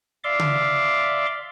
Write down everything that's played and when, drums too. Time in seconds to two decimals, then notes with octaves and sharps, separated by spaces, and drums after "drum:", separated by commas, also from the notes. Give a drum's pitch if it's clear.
0.24 D5 E5 F5 C6 D6
0.39 drum: tom C#3